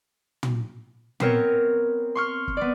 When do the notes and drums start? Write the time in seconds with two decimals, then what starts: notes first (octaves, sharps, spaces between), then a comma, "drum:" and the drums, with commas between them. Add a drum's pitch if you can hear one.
0.43 drum: tom
1.20 B3 C4 A#4 C#5, drum: tom
2.15 C6 C#6 F6
2.48 drum: kick
2.57 B3 D5